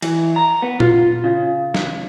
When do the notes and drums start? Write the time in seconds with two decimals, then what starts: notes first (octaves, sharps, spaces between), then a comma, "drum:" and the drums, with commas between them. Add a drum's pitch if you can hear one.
0.02 E3, drum: cymbal
0.36 A#5
0.62 B3
0.80 F4, drum: tom A#2
1.24 C#3
1.74 drum: snare